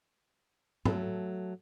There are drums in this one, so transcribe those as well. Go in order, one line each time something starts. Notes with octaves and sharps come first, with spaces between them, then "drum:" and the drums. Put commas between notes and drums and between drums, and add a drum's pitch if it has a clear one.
F#3 A3 A4, drum: tom G#2